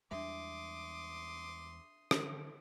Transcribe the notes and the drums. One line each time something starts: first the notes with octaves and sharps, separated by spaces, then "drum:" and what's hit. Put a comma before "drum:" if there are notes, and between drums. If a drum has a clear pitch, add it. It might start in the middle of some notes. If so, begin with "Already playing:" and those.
E2 G3 G#3 D4 E5 C6 D6 D#6
drum: rim click